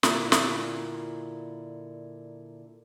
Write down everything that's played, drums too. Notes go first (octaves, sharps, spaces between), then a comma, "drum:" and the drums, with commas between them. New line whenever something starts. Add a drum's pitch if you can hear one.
A#2 D3 E4 A#4, drum: snare
drum: snare